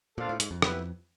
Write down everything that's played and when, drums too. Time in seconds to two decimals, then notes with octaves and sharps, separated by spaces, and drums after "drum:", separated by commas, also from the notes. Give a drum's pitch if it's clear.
0.17 A#2 D4 F4 A4 C5 F5
0.29 A2
0.40 G#2, drum: hi-hat
0.51 F2
0.62 B3 E4 G4 B4, drum: rim click